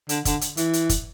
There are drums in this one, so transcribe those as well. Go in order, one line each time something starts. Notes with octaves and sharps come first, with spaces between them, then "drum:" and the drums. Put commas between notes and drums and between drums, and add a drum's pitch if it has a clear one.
D3, drum: hi-hat
D3, drum: kick, hi-hat
drum: hi-hat
E3, drum: hi-hat
drum: hi-hat
drum: kick, hi-hat